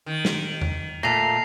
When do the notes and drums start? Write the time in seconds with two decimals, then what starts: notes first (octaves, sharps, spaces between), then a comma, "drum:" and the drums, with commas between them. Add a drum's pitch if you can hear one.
0.06 D#3
0.25 drum: snare
0.61 drum: tom E2
1.03 A#2 A3 A#6 C7 F7